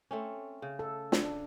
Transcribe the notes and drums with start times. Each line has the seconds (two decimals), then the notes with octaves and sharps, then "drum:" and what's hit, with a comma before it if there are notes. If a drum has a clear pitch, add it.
0.11 A3 C4 C#4
0.62 C#3
0.79 A4
1.12 D4, drum: snare